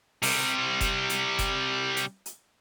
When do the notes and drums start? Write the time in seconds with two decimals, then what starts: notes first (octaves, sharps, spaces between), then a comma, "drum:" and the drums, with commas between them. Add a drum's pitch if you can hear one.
0.23 C3 G3, drum: open hi-hat
0.81 drum: kick F1, hi-hat
1.10 drum: hi-hat
1.39 drum: kick F1, hi-hat
1.97 drum: hi-hat
2.26 drum: hi-hat